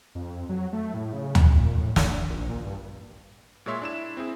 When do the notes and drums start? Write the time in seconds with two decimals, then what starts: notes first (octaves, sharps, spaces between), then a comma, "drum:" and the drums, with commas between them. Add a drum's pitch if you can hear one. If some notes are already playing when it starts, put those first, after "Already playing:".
0.15 F2
0.49 F#3
0.73 A3
0.94 A2
1.13 C#3
1.35 D#1, drum: tom
1.57 A#2
1.81 A2
1.96 D3, drum: snare
2.30 A#1
2.49 A#2
2.65 G2
3.66 A#2 G#3 C#5 E5 C6
3.82 D4 E4 E7
4.17 C4 E4 G#4